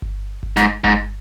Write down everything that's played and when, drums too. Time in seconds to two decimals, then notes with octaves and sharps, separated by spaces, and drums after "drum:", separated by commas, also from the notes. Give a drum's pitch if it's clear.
0.02 drum: kick G1
0.43 drum: kick G1
0.57 G#2, drum: snare
0.84 G#2, drum: kick G1